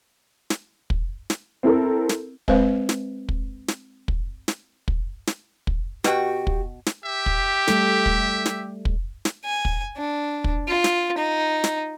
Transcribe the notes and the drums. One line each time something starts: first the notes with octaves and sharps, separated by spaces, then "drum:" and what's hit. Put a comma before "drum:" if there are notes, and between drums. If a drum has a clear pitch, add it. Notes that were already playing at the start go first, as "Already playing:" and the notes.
drum: snare
drum: kick
drum: snare
C4 E4 A4 A#4
drum: snare
G#3 C4 B4 C5 F5, drum: kick
drum: snare
drum: kick
drum: snare
drum: kick
drum: snare
drum: kick
drum: snare
drum: kick
B2 F#4 G4 G5, drum: snare
drum: kick
drum: snare
G4 E5
drum: kick
G3 A3 A4, drum: snare
drum: kick
drum: snare
drum: kick
drum: snare
G#5
drum: kick
D4
drum: kick
F4
drum: snare
D#4
drum: snare